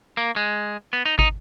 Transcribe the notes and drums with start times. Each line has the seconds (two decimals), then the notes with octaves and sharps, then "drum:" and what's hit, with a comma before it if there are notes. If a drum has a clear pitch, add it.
0.17 A#3
0.36 G#3
0.93 B3
1.05 D#4
1.19 D#4, drum: kick